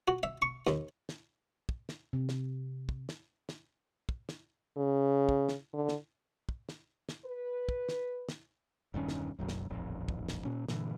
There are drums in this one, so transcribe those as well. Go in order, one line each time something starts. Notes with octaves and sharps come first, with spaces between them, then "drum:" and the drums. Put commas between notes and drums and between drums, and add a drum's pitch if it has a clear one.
F#4
E5
C#6
D#2, drum: snare
drum: snare
drum: kick
drum: snare
C3
drum: snare
drum: kick
drum: snare
drum: snare
drum: kick
drum: snare
C#3
drum: kick
drum: snare
D3
drum: snare
drum: kick
drum: snare
drum: snare
B4
drum: kick
drum: snare
drum: snare
E1 G2 D#3 C#4
drum: snare
F#1 B1 F#2
drum: snare
D#1 A1 F2
drum: kick
drum: snare
A#2 C#4
G2 A#2 D3 E3, drum: snare